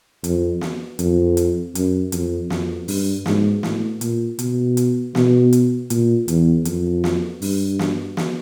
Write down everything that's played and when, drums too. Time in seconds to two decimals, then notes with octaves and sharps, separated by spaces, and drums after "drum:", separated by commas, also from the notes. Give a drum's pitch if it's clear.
0.24 F2, drum: hi-hat
0.61 drum: snare
0.99 F2, drum: hi-hat
1.37 drum: hi-hat
1.75 F#2, drum: hi-hat
2.12 F2, drum: hi-hat
2.50 F2, drum: snare
2.88 G2, drum: open hi-hat
3.26 G#2, drum: snare
3.63 A2, drum: snare
4.01 A#2, drum: hi-hat
4.39 B2, drum: hi-hat
4.77 drum: hi-hat
5.15 B2, drum: snare
5.53 drum: hi-hat
5.90 A#2, drum: hi-hat
6.28 E2, drum: hi-hat
6.65 F2, drum: hi-hat
7.04 drum: snare
7.42 G2, drum: open hi-hat
7.79 drum: snare
8.17 drum: snare